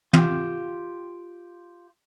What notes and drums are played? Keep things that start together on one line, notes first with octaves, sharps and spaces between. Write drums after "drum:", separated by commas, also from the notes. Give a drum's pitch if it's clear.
F4 G4, drum: tom